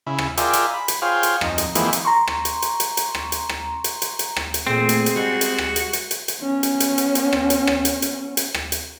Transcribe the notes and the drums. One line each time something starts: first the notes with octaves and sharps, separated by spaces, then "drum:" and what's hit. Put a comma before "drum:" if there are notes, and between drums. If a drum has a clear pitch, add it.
C#3 E4
drum: rim click
F4 G#4 A#4 D5 E5 G5, drum: hi-hat
drum: hi-hat
B5
drum: hi-hat
F4 G#4 C5 C#5 F5 G5
drum: hi-hat
F2 D#4, drum: rim click
drum: hi-hat
E3 F3 G#3 A#3 C4 E4, drum: hi-hat
drum: hi-hat
A#5 C6 C#6
drum: rim click
drum: hi-hat
drum: hi-hat
drum: hi-hat
drum: hi-hat
drum: rim click
drum: hi-hat
drum: rim click
drum: hi-hat
drum: hi-hat
drum: hi-hat
drum: rim click
drum: hi-hat
E2 A#2 A3 C4 G#4
drum: hi-hat
drum: hi-hat
G3 G#3 F#4
drum: hi-hat
drum: rim click
drum: hi-hat
drum: hi-hat
drum: hi-hat
drum: hi-hat
B3 C#4
drum: hi-hat
drum: hi-hat
drum: hi-hat
drum: hi-hat
drum: rim click
drum: hi-hat
drum: rim click
drum: hi-hat
drum: hi-hat
drum: hi-hat
drum: rim click
drum: hi-hat